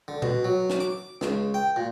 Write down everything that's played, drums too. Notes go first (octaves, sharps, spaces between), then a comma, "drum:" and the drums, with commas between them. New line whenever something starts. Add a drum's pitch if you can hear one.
D3
B2, drum: tom A#2
F#3
drum: snare
D6
C#2, drum: snare
G5
A#2